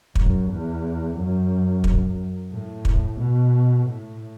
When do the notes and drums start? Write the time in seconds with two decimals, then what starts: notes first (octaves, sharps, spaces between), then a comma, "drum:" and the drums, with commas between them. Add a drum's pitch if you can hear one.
0.15 F#2, drum: kick
0.49 E2
1.16 F#2
1.84 drum: kick
2.52 A2
2.85 drum: kick
3.19 B2
3.86 A2